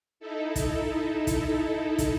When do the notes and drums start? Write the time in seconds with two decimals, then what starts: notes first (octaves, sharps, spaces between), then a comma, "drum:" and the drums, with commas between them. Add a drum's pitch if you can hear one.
0.20 D#4 E4 A4
0.56 drum: kick, hi-hat
1.27 drum: kick, hi-hat
1.98 drum: kick, hi-hat